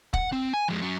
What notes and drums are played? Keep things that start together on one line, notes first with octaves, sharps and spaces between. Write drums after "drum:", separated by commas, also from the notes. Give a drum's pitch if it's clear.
F#5, drum: kick
C4
G#5
F2 G#3
F#3 C#4